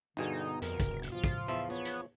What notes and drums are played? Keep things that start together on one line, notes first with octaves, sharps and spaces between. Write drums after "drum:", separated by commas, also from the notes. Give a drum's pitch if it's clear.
G1 B2 D3 D#4 G#4
F2 A#4, drum: hi-hat
D1, drum: kick, hi-hat
drum: hi-hat
F3 F4
drum: kick, hi-hat
E2 F3 E5
B3 C#5
drum: hi-hat